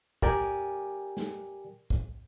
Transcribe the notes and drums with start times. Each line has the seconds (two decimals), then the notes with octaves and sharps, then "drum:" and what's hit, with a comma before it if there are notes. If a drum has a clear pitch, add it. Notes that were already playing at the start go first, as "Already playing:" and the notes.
0.22 G4 A#4 D5 G5 G#5, drum: kick
1.17 drum: snare
1.90 drum: kick